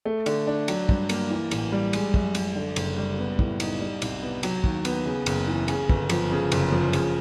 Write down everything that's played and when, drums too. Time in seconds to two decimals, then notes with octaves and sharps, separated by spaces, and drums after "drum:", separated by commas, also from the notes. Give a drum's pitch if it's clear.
0.05 A3
0.26 D3, drum: cymbal
0.47 D4
0.68 F#3, drum: cymbal
0.89 G2, drum: kick
1.09 A#3, drum: cymbal
1.30 E3
1.51 A1, drum: cymbal
1.72 G3
1.93 G#3, drum: cymbal
2.14 F#2, drum: kick
2.35 F#2, drum: cymbal
2.55 D3
2.76 F#1, drum: cymbal
2.97 G3
3.18 B3
3.39 A2, drum: kick
3.60 D#4, drum: cymbal
3.80 G3
4.02 C2, drum: cymbal
4.22 B3
4.43 F#3, drum: cymbal
4.64 D#2, drum: kick
4.85 B3, drum: cymbal
5.05 C#3
5.26 F#1, drum: cymbal
5.47 E3
5.68 C#3, drum: cymbal
5.89 G1, drum: kick
6.09 F3, drum: cymbal
6.31 C#3
6.52 F#1, drum: cymbal
6.72 F3
6.93 C#3, drum: cymbal